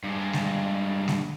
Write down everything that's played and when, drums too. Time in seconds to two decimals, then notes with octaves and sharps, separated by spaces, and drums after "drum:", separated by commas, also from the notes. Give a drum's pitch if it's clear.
0.04 G2 G#3
0.33 drum: snare G#3
1.08 drum: snare G#3